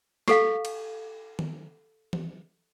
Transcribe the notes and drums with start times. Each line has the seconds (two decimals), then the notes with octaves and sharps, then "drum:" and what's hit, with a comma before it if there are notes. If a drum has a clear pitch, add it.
0.28 G4 A4 F5, drum: snare
0.65 drum: cymbal
1.39 drum: tom D#3
2.13 drum: tom E3